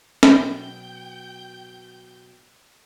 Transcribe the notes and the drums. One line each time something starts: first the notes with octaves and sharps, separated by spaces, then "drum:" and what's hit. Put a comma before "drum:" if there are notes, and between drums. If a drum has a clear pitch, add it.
B2 F#3 G5 G6, drum: snare